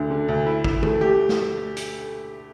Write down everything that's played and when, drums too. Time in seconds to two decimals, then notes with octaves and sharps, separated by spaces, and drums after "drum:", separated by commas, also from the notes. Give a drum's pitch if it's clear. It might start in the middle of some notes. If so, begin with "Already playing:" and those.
Already playing: D2 D3
0.11 D3
0.28 D2
0.46 E4
0.64 E4, drum: kick
0.83 A3, drum: tom
1.01 G4
1.29 drum: snare
1.76 drum: hi-hat